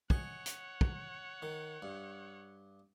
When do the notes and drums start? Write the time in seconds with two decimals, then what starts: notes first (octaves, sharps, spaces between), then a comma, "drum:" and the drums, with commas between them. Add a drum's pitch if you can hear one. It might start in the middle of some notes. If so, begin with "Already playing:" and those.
0.10 C#5 D#5 F#5 G#5, drum: kick
0.46 drum: hi-hat
0.81 drum: kick
1.42 D#3
1.82 G2